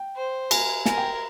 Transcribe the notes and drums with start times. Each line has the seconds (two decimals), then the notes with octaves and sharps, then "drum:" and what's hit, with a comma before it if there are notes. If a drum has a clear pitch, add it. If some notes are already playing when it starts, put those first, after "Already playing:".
Already playing: G5
0.16 C5
0.51 A#4 G#5, drum: cymbal
0.86 A#4 G#5, drum: snare
0.98 G5